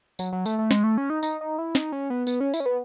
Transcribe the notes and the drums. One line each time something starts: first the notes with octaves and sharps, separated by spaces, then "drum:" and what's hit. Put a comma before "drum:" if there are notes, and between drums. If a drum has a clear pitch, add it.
F#3, drum: tambourine
F#3
A3, drum: tambourine
A3
G#3, drum: snare
A3
C#4
D#4
D#4, drum: tambourine
D#4
E4
D#4, drum: snare
C#4
B3
B3, drum: tambourine
C#4
E4, drum: tambourine
C#4
B3